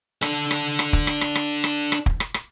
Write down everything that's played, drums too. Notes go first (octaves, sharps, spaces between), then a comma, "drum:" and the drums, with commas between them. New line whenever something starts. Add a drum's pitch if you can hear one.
D4 A4, drum: rim click
drum: rim click
drum: rim click
drum: kick
drum: rim click
drum: rim click
drum: rim click
drum: rim click
drum: rim click
drum: kick
drum: rim click
drum: rim click